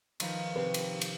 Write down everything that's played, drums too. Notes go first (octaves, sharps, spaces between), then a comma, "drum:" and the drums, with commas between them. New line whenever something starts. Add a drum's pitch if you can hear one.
D#3 F3 B4, drum: cymbal
C3 B4
drum: cymbal
drum: cymbal